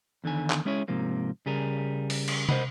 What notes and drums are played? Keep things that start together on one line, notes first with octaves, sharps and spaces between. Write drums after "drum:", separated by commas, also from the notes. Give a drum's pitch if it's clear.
E2 D3 D#3 G#5
drum: clap
G#3 C#4 E4 G#4 C#5
G#2 C3 F3 A#3
C#3 G3 G#4 A#4
drum: open hi-hat
drum: cymbal
A#4 C5 C#5 D#5 F#5 B5, drum: tom